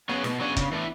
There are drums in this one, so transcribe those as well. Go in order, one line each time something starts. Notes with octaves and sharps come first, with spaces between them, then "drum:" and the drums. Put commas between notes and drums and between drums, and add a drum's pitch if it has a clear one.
F#3 B3 C#4 G#4
B2, drum: snare
F#3 C#4 D4 G#4
C#3, drum: kick, hi-hat
E3 A3 E4